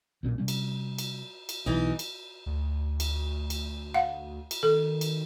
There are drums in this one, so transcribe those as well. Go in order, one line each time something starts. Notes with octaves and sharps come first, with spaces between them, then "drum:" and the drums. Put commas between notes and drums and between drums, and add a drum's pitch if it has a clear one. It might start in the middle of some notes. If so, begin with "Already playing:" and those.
B1 A#2 C#4
C3 G3 C#4
drum: cymbal
drum: cymbal
drum: cymbal
B1 E3 D#4
drum: cymbal
D2
drum: cymbal
drum: cymbal
F5 F#5
drum: cymbal
D#3 A4
drum: cymbal